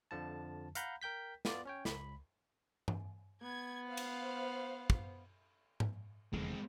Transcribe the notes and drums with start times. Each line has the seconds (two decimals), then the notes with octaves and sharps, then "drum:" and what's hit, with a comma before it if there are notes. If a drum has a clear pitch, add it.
0.11 F2 D3 F3 A5
0.75 F5 F#5 A#5 B5 G6, drum: hi-hat
1.02 A#4 G5 G6 B6
1.45 B3 F4 D5, drum: snare
1.65 C#4 C#5 G5
1.85 C#2 B5, drum: snare
2.88 drum: tom G2
3.42 B3 G#6
3.88 C5 F5
3.97 drum: cymbal
4.90 drum: kick
5.80 drum: tom G#2
6.33 F1 E2 D3 G#3 C4